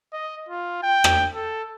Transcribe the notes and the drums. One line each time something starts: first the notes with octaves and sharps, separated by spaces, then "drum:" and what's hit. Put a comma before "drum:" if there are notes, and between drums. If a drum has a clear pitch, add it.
D#5
F4
G5
drum: rim click
A4